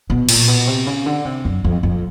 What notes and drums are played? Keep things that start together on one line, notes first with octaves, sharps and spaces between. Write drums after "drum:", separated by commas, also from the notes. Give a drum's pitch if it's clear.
B2
A#2, drum: cymbal
B2
C3
C#3
D3
C3
F#2
F2
F2